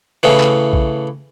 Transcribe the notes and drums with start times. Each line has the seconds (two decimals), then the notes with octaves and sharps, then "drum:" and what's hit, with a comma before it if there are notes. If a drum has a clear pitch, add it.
0.23 A2 C#3 E3
0.40 drum: clap
0.73 drum: kick A#1